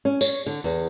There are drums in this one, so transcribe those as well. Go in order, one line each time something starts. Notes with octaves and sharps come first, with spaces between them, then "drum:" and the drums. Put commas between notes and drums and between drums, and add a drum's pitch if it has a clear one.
C#4
C#5, drum: tambourine
D3
E2